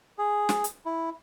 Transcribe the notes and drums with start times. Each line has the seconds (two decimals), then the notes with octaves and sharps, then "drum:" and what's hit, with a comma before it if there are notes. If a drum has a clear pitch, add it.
0.18 G#4
0.49 drum: snare
0.64 drum: hi-hat
0.86 E4